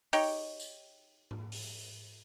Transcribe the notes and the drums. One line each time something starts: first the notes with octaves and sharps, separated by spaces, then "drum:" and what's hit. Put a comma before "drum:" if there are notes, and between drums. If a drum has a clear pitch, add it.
D#4 G4 C#5 G5, drum: open hi-hat
drum: tambourine
drum: tom G#2
drum: open hi-hat